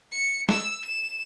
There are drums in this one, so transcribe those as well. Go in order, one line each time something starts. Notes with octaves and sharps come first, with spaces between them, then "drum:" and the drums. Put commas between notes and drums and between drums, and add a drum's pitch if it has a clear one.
C#7
E6, drum: snare
E7